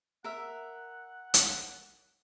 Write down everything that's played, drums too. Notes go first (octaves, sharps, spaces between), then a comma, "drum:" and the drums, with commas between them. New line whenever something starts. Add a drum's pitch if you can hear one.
A#4 E5 F#5
drum: hi-hat